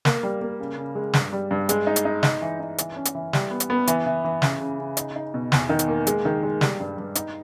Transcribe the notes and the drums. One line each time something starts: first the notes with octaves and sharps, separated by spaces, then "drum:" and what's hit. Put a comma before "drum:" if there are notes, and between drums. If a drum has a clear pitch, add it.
A#3, drum: snare
G3
A#3
C#3
C#3
G#3
G2, drum: snare
G3
G2
G#3, drum: hi-hat
D#4
drum: hi-hat
D#4
D#4, drum: snare
E3
D#4
E3, drum: hi-hat
C#4
drum: hi-hat
E3
G3, drum: snare
B3
drum: hi-hat
B3
E3, drum: hi-hat
E3
E3
C#3, drum: snare
C#3
C#3
D#4, drum: hi-hat
D#4
B2
E2, drum: snare
D#3
drum: hi-hat
A#3
G#3, drum: hi-hat
D#3
G#3
G3, drum: snare
G2
G2
D#4, drum: hi-hat